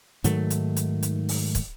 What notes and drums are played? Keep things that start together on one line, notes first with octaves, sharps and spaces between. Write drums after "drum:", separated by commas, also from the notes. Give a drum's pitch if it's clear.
G#2 D#3 F#3 A3, drum: hi-hat
drum: hi-hat
drum: hi-hat
drum: hi-hat
drum: open hi-hat
drum: kick, hi-hat